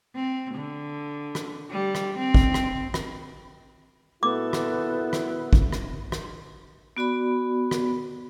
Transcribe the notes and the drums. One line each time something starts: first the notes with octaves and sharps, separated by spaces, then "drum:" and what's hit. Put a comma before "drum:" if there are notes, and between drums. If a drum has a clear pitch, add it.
C4
D3
drum: rim click
G3
drum: rim click
C4
drum: kick
drum: rim click
drum: rim click
A#2 B3 E4 F#4 A4 D6
drum: rim click
drum: rim click
drum: kick
drum: rim click
drum: rim click
B3 F#4 D5 B5
drum: rim click